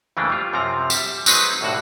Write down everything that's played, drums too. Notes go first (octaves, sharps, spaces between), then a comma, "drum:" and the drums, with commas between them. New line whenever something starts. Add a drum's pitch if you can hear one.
F2 C#3 E3 A3 A#3 D4
G3 F4
F#2 C3 F3 C4 A#5
G3 E5, drum: tambourine
F#3 G#3 C4 D#4 G#4 B4, drum: tambourine
C2 A2 D3 F#4 F#5